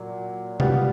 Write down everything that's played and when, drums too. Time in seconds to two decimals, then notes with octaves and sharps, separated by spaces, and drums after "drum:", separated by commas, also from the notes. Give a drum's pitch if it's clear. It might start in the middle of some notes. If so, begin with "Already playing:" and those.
Already playing: A#2 F#3
0.60 B2 G3 B3 F4 G4, drum: tom C3